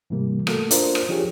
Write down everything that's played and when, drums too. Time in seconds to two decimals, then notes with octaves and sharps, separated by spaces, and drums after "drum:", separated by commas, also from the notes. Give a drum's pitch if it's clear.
0.10 G#2 C3 E3 G3 A#3
0.47 A3 A#3 F#4 A4, drum: rim click
0.71 D4 F4 A#4 C5, drum: hi-hat
0.95 drum: rim click
1.09 F3 D4 F4 G4 G#4 C#5